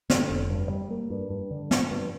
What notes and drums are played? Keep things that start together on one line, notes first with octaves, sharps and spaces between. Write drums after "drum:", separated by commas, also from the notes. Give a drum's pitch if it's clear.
D3, drum: snare
F1
G2
G3
A#3
G2
G2
D3
F3, drum: snare
G2